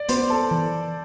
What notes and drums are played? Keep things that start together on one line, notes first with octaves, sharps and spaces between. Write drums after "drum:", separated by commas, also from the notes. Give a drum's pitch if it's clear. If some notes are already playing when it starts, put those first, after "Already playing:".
Already playing: D5
B3 C5, drum: hi-hat
A4
E3